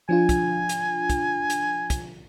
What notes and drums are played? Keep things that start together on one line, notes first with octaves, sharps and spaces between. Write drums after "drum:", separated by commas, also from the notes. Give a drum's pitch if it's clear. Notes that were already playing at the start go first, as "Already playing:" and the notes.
F3 D4 F4 G#5
drum: kick, hi-hat
drum: hi-hat
drum: kick, hi-hat
drum: hi-hat
drum: kick, hi-hat